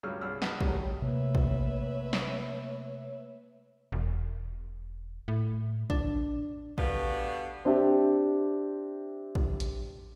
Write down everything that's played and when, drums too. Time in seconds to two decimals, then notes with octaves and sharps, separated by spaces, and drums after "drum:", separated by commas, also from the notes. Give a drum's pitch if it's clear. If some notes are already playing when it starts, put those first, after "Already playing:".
0.03 C#2 G2 C#3 F#3 E6 F6
0.21 C2 E6 F6
0.42 G#1 D#4 B4 F#5 A5, drum: snare
0.61 A2 C3 D#3 F#3 G3, drum: kick
1.02 C3 A3 A#3 B4 C#5 E5
1.35 drum: kick
2.13 drum: snare
3.92 E1
5.28 A2
5.90 D4, drum: kick
6.78 B2 A3 B3 D4 G4 F5, drum: kick
7.65 C4 D4 G4 E5
9.35 drum: kick
9.60 drum: hi-hat